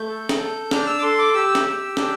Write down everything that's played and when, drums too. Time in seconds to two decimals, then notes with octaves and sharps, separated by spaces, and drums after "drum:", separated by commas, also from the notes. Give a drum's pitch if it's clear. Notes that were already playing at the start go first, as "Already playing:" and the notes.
Already playing: A3 G6
0.08 A4
0.29 drum: snare
0.39 A4
0.71 D4 F6, drum: snare
0.87 E6
0.98 D6
1.02 A4 C6
1.18 D6
1.34 G4 E6
1.55 drum: snare
1.65 G4
1.97 D4, drum: snare